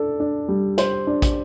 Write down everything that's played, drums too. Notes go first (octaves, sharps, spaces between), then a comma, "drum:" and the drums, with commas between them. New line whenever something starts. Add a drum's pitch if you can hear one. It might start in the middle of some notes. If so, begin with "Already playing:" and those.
Already playing: D4 A4
D4
G3
C5, drum: hi-hat
D4
drum: kick, hi-hat